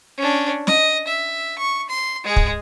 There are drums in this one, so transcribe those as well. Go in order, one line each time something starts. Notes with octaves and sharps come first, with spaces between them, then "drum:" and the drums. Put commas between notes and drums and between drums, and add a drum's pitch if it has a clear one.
C#4 D4
D#5, drum: snare
E5
C#6
C6
G#3 G#4
drum: kick